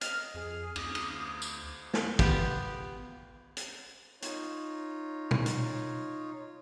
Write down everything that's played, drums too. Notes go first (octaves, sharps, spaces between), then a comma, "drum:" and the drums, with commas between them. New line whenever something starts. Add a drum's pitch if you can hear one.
D#5 F6, drum: hi-hat
F2 G#4
D2 D#6, drum: cymbal
drum: cymbal
drum: tambourine
drum: snare
B3 F4 G4, drum: kick
drum: hi-hat
D#4 F4 C#5, drum: hi-hat
drum: tom
drum: hi-hat